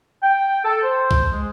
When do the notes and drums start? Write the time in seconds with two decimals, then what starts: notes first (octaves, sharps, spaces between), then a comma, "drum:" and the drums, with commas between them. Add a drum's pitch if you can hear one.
0.22 G5
0.64 A4
0.83 C5
1.11 drum: kick B1
1.32 G#3